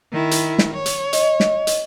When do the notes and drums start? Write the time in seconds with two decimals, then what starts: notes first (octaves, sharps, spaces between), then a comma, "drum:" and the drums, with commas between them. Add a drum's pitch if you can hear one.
0.12 D#3 E4
0.31 drum: hi-hat
0.58 drum: snare
0.74 C#5
0.86 drum: hi-hat
1.13 D#5, drum: hi-hat
1.40 drum: snare
1.67 drum: hi-hat